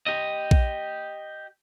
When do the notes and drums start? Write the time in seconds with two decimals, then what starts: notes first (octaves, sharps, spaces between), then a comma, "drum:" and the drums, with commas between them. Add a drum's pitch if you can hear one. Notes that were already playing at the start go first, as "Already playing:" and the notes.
0.06 G4 D#5
0.51 drum: kick A#1